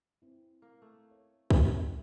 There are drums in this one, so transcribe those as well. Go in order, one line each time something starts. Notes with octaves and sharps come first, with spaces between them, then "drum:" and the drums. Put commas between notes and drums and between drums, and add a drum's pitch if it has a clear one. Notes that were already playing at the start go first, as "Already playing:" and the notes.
C4 E4
A#3
A3
C#5
D5 F#5, drum: kick